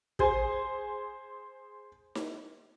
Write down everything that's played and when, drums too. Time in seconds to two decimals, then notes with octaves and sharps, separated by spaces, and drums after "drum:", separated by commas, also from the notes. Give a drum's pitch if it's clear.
0.19 G#4 C5 G#5, drum: kick
2.15 drum: snare D#4